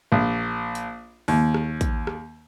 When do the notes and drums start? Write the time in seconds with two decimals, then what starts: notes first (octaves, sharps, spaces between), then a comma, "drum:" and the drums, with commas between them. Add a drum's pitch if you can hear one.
0.12 A#1
0.75 drum: hi-hat
1.28 D#2, drum: open hi-hat
1.54 drum: rim click
1.81 drum: kick, hi-hat
2.07 drum: rim click